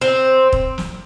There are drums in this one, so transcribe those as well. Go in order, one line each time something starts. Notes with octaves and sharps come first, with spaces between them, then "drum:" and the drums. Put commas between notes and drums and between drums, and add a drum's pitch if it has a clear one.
C4
drum: kick
drum: snare